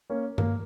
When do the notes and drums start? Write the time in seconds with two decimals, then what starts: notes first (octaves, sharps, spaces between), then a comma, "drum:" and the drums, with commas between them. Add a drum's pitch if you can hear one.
0.10 A#3 C#4
0.38 A#3, drum: tom G2